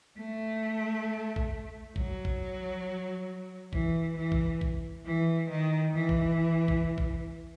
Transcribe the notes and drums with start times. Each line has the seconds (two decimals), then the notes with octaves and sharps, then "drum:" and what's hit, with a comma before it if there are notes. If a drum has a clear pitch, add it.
0.18 A3
1.36 drum: kick
1.96 F#3, drum: kick
2.25 drum: kick
3.73 E3, drum: kick
4.16 E3
4.32 drum: kick
4.61 drum: kick
5.05 E3
5.50 D#3
5.94 E3
6.09 drum: kick
6.68 drum: kick
6.98 drum: kick